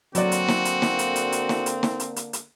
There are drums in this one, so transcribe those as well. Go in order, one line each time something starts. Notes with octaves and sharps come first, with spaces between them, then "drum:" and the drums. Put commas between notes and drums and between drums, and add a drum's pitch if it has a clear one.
D3 F#3 A#3 C4 F#4 D5, drum: hi-hat
drum: hi-hat
drum: snare
drum: hi-hat
drum: snare
drum: hi-hat
drum: hi-hat
drum: hi-hat
drum: snare
drum: hi-hat
drum: snare
drum: hi-hat
drum: hi-hat
drum: hi-hat